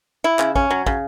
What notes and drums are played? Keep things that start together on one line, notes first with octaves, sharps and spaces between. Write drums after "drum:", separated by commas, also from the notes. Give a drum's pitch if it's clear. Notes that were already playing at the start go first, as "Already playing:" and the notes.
E4
C#3, drum: clap
C#4, drum: kick
F#3
C#3, drum: kick